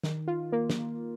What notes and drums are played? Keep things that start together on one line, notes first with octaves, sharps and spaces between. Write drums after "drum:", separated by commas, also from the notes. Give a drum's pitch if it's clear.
D#3, drum: snare
F4
A#3
drum: snare